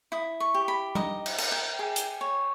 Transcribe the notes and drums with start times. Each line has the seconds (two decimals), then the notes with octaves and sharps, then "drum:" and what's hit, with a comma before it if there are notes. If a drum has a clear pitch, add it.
0.12 E4 D#6
0.40 C#6
0.54 G4
0.68 B5
0.95 D#4 D#5, drum: tom G3
1.26 drum: cymbal
1.38 A#4, drum: cymbal
1.52 G5
1.79 G#4
1.96 drum: hi-hat
2.21 C#5